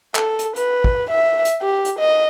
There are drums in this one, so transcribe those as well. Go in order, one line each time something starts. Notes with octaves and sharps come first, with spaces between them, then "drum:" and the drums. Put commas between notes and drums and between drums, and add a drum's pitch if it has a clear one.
A4, drum: clap
drum: hi-hat
B4, drum: hi-hat
drum: kick
E5
drum: hi-hat
G4
drum: hi-hat
D#5